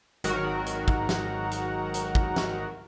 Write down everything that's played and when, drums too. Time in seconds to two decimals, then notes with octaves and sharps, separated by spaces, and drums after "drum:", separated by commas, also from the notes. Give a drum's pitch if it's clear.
0.24 G#1 D#3 F#3 F#4 A#4, drum: hi-hat
0.66 drum: hi-hat
0.88 drum: kick
1.09 drum: snare
1.51 drum: hi-hat
1.94 drum: hi-hat
2.15 drum: kick
2.36 drum: snare